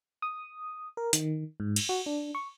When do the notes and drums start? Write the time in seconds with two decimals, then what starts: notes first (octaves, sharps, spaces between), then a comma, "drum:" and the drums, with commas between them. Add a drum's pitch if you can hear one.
0.22 D#6
0.97 A#4
1.13 D#3, drum: hi-hat
1.60 G#2
1.76 drum: cymbal
1.89 F#4
2.06 D4
2.35 C#6